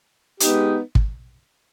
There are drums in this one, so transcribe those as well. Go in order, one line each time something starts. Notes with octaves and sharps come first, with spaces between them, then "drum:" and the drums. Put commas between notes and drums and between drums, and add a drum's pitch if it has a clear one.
G#3 B3 D#4 G4, drum: hi-hat
drum: kick